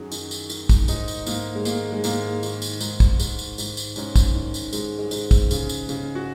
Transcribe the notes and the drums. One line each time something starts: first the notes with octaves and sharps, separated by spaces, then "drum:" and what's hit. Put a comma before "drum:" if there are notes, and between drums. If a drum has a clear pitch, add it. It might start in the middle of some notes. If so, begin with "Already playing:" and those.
Already playing: F#2 D#3 F#4 G#4
D#3, drum: tambourine
drum: tambourine
D#3, drum: tambourine
drum: kick, tambourine
G#2 D#4, drum: tambourine
drum: tambourine
G#2 A#3, drum: tambourine
G#3
D#3 A#3, drum: tambourine
G#3
G#2 A#3, drum: tambourine
D#3, drum: tambourine
drum: tambourine
G#2, drum: tambourine
drum: kick, tambourine
G#2, drum: tambourine
drum: tambourine
G#2, drum: tambourine
drum: tambourine
G#2 C#4, drum: tambourine
drum: kick, tambourine
D#3
drum: tambourine
G#2 G#3, drum: tambourine
G#3
G#2, drum: tambourine
drum: kick, tambourine
C#3, drum: tambourine
drum: tambourine
C#3, drum: tambourine
F#4